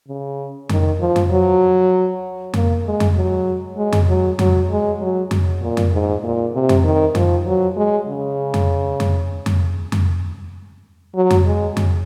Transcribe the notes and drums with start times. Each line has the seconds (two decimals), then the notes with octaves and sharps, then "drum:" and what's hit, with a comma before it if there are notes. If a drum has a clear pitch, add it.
0.08 C#3
0.69 D#3, drum: tom F2
1.00 F3
1.16 drum: tom F2
1.31 F#3
2.54 A#3, drum: tom F2
2.85 G#3
3.00 drum: tom F2
3.16 F#3
3.77 G#3
3.92 drum: tom F2
4.08 F#3
4.39 F#3, drum: tom F2
4.70 G#3
5.01 F#3
5.31 drum: tom F2
5.61 A#2
5.77 drum: tom F2
5.92 G#2
6.23 A#2
6.54 C3
6.69 drum: tom F2
6.84 D#3
7.15 F3, drum: tom F2
7.46 F#3
7.76 G#3
8.08 C#3
8.54 drum: tom F2
9.00 drum: tom F2
9.46 drum: tom F2
9.92 drum: tom F2
11.15 F#3
11.30 drum: tom F2
11.46 G#3
11.77 drum: tom F2